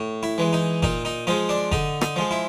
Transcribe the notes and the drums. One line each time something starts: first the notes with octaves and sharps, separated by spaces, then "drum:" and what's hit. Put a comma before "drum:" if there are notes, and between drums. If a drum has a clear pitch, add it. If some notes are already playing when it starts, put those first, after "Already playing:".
Already playing: A2
E4
E3 G#3
D#4
A#2 D#4, drum: kick F#1
D#4
F3 G#3 D#4
D4
D3 D#4, drum: kick F#1
D#4, drum: rim click
F3 G#3
E4